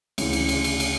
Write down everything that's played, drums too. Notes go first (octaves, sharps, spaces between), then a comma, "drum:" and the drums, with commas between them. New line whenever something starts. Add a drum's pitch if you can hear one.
D2 C#3 E3, drum: cymbal
drum: cymbal
drum: cymbal
drum: cymbal
drum: cymbal